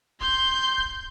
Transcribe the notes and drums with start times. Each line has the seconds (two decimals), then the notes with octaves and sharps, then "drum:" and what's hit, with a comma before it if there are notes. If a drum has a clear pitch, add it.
0.21 C6 G6, drum: kick
0.78 drum: kick